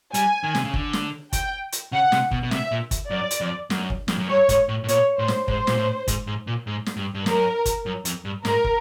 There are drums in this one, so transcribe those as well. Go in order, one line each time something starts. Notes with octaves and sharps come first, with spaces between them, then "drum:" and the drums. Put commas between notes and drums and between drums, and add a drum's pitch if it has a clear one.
G3 G#5, drum: hi-hat
D#3
C3, drum: snare
C#3
D3, drum: kick
drum: snare
G5, drum: kick, hi-hat
drum: hi-hat
C#3 F#5
C3, drum: snare
B2, drum: kick
B2
C3 E5, drum: snare
A#2
drum: kick, hi-hat
F#2 D5
drum: hi-hat
F2
F#2, drum: snare
drum: kick
F2, drum: snare
F#2
G2 C#5
G#2, drum: kick, hi-hat
A2
A2
A#2 C#5, drum: hi-hat
A2 C5
drum: snare
G#2 C5, drum: kick
A#2, drum: snare
A2
G#2, drum: kick, hi-hat
G#2
A#2
G#2
drum: snare
G2
G2
F#2 A#4, drum: snare
drum: kick, hi-hat
F#2
F2, drum: hi-hat
G2
G#2 A#4, drum: snare
drum: kick